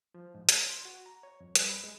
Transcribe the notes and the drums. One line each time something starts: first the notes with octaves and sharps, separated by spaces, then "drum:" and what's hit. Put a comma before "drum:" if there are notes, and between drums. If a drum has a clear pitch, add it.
F3
G#2
B4, drum: hi-hat
C6
F#4
A#5
C#5
F2
G3, drum: hi-hat
B5
G#3